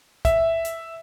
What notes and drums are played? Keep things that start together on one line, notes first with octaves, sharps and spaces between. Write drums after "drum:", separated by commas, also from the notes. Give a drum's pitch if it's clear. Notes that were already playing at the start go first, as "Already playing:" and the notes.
E5, drum: kick, hi-hat
drum: hi-hat